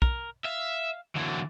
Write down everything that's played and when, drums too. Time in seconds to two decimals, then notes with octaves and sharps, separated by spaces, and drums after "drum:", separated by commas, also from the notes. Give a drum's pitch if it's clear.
0.02 A#4, drum: kick
0.45 E5 F5
1.16 D3 E3 F#3 A#3 F#4